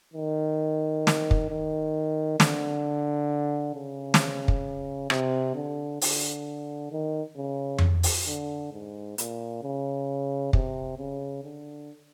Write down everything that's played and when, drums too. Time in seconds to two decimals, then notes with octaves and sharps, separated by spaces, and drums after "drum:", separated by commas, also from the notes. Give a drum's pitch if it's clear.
0.13 D#3
1.07 drum: snare
1.31 drum: kick
1.49 D#3
2.40 D3, drum: snare
3.74 C#3
4.14 drum: snare
4.48 drum: kick
5.10 C3, drum: rim click
5.55 D3
6.01 D3, drum: open hi-hat
6.92 D#3
7.37 C#3
7.78 drum: tom F2
8.03 drum: open hi-hat
8.27 D3
8.72 G#2
9.18 A#2, drum: hi-hat
9.63 C#3
10.53 C3, drum: kick
10.98 C#3
11.44 D3